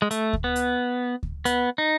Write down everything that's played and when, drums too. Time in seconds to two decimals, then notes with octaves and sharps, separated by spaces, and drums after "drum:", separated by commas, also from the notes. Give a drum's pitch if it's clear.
0.02 G#3
0.11 A3, drum: hi-hat
0.33 drum: kick D2
0.44 B3
0.56 drum: hi-hat
1.23 drum: kick D2
1.45 B3, drum: hi-hat
1.78 D#4